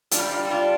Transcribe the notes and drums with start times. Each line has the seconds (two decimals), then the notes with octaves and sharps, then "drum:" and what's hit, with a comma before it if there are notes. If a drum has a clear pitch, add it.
0.11 D4 F4, drum: hi-hat
0.18 G3
0.31 D4 F4
0.45 G3
0.50 D4 F4